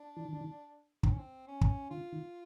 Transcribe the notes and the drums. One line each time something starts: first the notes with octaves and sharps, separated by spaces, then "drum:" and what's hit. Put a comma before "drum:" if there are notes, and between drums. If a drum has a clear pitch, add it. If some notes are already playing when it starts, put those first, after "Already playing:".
Already playing: D4
E3
D#3
D3
D#3
D3 C4, drum: kick
C#4
C4
C#4
drum: kick
D3 F4
D#3